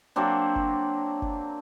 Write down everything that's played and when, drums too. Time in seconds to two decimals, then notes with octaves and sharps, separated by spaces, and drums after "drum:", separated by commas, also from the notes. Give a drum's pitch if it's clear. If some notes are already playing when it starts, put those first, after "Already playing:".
0.16 F#3 A#3 C4 D4
0.56 drum: kick F#1
1.22 drum: kick F#1